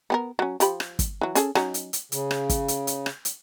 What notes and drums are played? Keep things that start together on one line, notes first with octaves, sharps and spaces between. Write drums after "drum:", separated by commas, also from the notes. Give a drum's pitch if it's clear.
B3 G4 A#4
F#3 C#4
F3 G4 B5, drum: hi-hat
drum: rim click
drum: kick, hi-hat
E3 F#3
C#4 G#4 A4, drum: hi-hat
F#3 C#4 D#4, drum: rim click
drum: hi-hat
drum: hi-hat
C#3, drum: hi-hat
drum: rim click
drum: kick, hi-hat
drum: hi-hat
drum: hi-hat
drum: rim click
drum: hi-hat